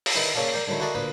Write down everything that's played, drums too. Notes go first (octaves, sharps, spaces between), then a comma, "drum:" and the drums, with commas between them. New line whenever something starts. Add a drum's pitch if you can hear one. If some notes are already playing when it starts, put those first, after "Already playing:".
drum: open hi-hat
D#3 E3 D#4 D#5 B5
C#3 A#3 C#4 D5 F5 A5
A#4 D5 G5
D3 D#3 F#3 A3 E4
E4 F#4 A4 A#4 D5 D#5
D2 A#2 A#3 B4 D#6